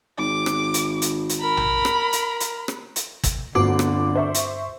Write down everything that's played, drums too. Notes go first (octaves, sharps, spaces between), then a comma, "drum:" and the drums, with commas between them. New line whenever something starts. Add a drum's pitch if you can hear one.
G#1 D6
drum: rim click
drum: hi-hat
drum: hi-hat
drum: hi-hat
A#4 B5
drum: tom A#1
drum: rim click
drum: hi-hat
drum: hi-hat
drum: rim click
drum: hi-hat
drum: kick G1, hi-hat
G1 D2 G2 D3 F3 C4 F#4 D6
drum: rim click
C5 E5 C#6
drum: hi-hat